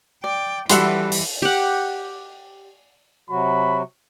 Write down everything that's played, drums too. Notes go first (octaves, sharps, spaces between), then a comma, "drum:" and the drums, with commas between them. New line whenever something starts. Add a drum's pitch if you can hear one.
D5 G5
E3 G3 F#4 A4 B4 E5 F#5 C6, drum: hi-hat
drum: open hi-hat
G4 F#5
C3 F#3 F#4 B5